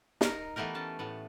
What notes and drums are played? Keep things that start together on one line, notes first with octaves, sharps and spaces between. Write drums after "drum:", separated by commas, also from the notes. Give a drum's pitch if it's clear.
D#4 A#4, drum: snare
E3 A3 B3 G4 A#4
C#4 A5
A2 B3